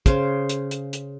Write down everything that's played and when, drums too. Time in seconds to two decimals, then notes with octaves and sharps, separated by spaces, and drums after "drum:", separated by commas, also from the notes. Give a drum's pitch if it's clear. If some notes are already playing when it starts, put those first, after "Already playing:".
0.06 C#3 C5, drum: kick, hi-hat
0.49 drum: hi-hat
0.71 drum: hi-hat
0.93 drum: hi-hat